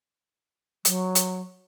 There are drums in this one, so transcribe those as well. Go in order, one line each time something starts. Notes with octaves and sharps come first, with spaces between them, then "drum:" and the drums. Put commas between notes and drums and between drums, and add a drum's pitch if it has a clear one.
F#3, drum: hi-hat
drum: hi-hat